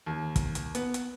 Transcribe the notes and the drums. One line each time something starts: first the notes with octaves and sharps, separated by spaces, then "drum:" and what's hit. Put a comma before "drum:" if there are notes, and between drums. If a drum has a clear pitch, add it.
D#2
drum: kick, hi-hat
drum: hi-hat
B3, drum: hi-hat
drum: hi-hat